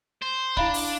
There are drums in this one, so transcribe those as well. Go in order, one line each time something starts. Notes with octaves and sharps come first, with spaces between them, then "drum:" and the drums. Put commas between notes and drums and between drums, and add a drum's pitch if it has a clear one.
C5
D4 E4 F5 B5, drum: kick C#1
drum: open hi-hat